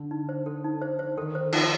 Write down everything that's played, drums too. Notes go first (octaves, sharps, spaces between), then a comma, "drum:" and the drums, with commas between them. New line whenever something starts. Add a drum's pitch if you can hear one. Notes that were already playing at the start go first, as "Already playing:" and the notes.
Already playing: D3
D#4
C5
A4
D#4
C5
C5
D#3 A4
C5
F3 D#4, drum: cymbal